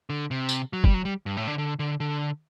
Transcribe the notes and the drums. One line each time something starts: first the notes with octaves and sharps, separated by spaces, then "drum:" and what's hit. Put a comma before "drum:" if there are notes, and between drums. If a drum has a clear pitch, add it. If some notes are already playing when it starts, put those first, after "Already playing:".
D3
C3
drum: tambourine
F#3
G3, drum: kick
F#3
G3
G2
A2
D3
D3
D3
D3